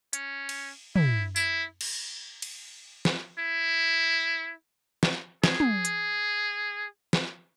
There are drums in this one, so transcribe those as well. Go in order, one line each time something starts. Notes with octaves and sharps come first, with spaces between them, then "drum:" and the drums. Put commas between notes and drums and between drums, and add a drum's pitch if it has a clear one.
C#4, drum: hi-hat
drum: cymbal
E4, drum: tom
E4, drum: tambourine
drum: cymbal
drum: cymbal
drum: snare
E4
drum: snare
G#4, drum: snare
drum: tom
drum: hi-hat
drum: snare